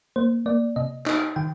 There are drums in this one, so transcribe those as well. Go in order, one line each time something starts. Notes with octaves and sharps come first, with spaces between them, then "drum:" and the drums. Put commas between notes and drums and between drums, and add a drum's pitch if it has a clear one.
A#3 C5
A#3 D5
C3 D#5
D#4 D#5, drum: clap
D#3 G5